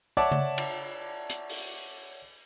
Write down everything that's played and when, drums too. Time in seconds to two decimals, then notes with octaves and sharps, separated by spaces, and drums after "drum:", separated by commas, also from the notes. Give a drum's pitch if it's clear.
0.17 C#5 D5 E5 F#5 A5 D6
0.31 drum: tom C#3
0.58 drum: cymbal
1.30 drum: hi-hat
1.49 drum: open hi-hat